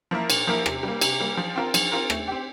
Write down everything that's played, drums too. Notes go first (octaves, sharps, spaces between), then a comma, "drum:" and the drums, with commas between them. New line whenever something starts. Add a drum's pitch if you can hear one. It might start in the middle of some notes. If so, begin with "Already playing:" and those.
F3 A#3 E4 A#4
A#2, drum: cymbal
F3 A#3 E4 A#4
C3, drum: rim click
G3 A#3
C3, drum: cymbal
G3 A#3
F3
C4 F4 A#4
F3, drum: cymbal
C4 F4 A#4
A3, drum: rim click
C4 G4